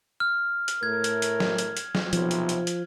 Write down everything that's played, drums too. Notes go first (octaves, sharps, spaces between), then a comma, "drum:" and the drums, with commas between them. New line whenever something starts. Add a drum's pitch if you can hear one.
F6
drum: hi-hat
A2 A3 A#4 G#6
drum: hi-hat
drum: hi-hat
drum: snare
drum: hi-hat
drum: hi-hat
drum: snare
B1 C3 F3, drum: hi-hat
drum: hi-hat
drum: hi-hat
drum: hi-hat